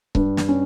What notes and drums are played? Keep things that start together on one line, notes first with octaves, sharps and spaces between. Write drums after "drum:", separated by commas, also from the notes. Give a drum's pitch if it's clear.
G2, drum: kick C#1
drum: snare
C#4